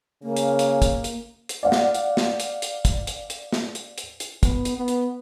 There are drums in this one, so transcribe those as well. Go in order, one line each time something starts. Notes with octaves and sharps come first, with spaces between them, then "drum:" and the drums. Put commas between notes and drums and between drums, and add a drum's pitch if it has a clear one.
C#3 A#3
drum: hi-hat
drum: hi-hat
drum: kick, hi-hat
drum: hi-hat
drum: hi-hat
D5 F5 F#5
drum: snare
drum: hi-hat
drum: snare
drum: hi-hat
drum: hi-hat
drum: kick, hi-hat
drum: hi-hat
drum: hi-hat
drum: snare
drum: hi-hat
drum: hi-hat
drum: hi-hat
B3, drum: kick, hi-hat
drum: hi-hat
B3
drum: hi-hat